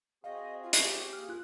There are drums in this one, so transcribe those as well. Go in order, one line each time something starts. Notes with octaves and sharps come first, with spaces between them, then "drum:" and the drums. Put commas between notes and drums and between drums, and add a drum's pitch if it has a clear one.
C4 F#4 G#4 D#5 F5
F4
drum: hi-hat
G4
A#3 G#4 F6
F4 F#6